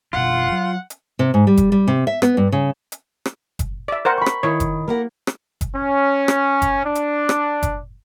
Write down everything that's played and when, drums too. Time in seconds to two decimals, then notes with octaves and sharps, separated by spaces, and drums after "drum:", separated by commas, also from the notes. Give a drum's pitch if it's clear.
0.13 F#1 B2 F4 F#5
0.52 F#3
0.90 drum: hi-hat
1.19 C3
1.34 G#2
1.47 G3
1.57 drum: kick F#1, hi-hat
1.72 G3
1.87 C3
2.07 E5
2.22 B3, drum: rim click
2.37 G2
2.52 C#3
2.92 drum: hi-hat
3.26 drum: rim click
3.59 drum: kick F#1, hi-hat
3.88 D5 E5
4.05 A#4 C5 F#5
4.17 B5 C#6
4.26 drum: rim click
4.43 D#3 E4 C#5
4.60 drum: kick F#1, hi-hat
4.88 A#3 G4 A#4 F#5
5.27 drum: rim click
5.61 drum: kick F#1, hi-hat
5.75 C#4
6.28 drum: rim click
6.62 drum: kick F#1, hi-hat
6.86 D4
6.95 drum: hi-hat
7.29 drum: rim click
7.63 drum: kick F#1, hi-hat